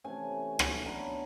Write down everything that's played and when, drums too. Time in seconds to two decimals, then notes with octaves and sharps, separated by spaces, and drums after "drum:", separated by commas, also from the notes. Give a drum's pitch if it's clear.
0.04 C3 E3 A3 C#4 G#5
0.59 drum: rim click
0.86 F#3 B3 D4 A#5